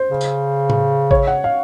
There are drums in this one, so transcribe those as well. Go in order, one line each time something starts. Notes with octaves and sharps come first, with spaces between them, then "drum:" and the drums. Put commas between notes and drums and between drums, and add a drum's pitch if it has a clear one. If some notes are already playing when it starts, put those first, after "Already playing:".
Already playing: C5
C#3
drum: tambourine
drum: tom A2
C#5, drum: kick A1
F#5
F5